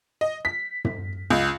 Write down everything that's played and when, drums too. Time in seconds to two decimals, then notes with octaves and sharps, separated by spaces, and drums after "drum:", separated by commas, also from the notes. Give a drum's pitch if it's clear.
0.21 D#5
0.45 B6
0.85 drum: tom
1.30 C#2